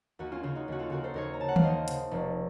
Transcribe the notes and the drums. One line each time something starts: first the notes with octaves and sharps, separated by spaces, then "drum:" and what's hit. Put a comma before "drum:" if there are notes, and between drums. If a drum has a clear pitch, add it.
D#2 D#4 F#4
C#4 F4
C#3 C#4 F4
D#4 F#4
D#2 F#4
F4 A4
C#3 F#4 A#4
A4 C5
D#2 A#4 C#5
A#5
C#3 A5
F#5
F5, drum: tom D#3
D#2 C5 D#5
C#3, drum: hi-hat
F1